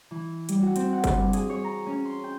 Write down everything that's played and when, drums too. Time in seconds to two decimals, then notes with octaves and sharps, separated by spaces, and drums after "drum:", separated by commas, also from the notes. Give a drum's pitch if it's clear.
0.11 E3
0.49 G3, drum: hi-hat
0.62 F#4
0.76 C4, drum: hi-hat
0.93 F#5
1.04 drum: kick, hi-hat
1.16 G2
1.33 G#4, drum: hi-hat
1.50 C#5
1.64 A#5
1.86 C#4
2.06 C6
2.24 G5